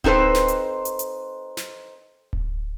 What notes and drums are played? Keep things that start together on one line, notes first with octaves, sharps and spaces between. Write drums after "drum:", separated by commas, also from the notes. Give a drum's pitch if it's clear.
C4 D#4 A4 B4 C5, drum: kick D1
drum: snare
drum: hi-hat
drum: hi-hat
drum: hi-hat
drum: snare
drum: kick D1